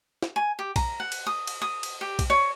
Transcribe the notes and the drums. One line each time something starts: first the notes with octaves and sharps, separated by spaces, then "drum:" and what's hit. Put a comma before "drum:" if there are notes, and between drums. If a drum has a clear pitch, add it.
drum: snare
G#5
G4
A#5, drum: kick B1, cymbal
F#5
drum: cymbal
D#6
drum: cymbal
D#6
drum: cymbal
G4
drum: kick B1, cymbal
C#5